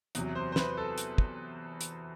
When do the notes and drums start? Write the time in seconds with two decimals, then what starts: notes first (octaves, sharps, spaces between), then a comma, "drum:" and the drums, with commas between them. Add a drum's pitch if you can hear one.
0.15 E2 C3 F#3, drum: hi-hat
0.35 C5
0.52 C5
0.56 B4, drum: snare
0.77 A4
0.98 drum: hi-hat
1.18 drum: kick
1.81 drum: hi-hat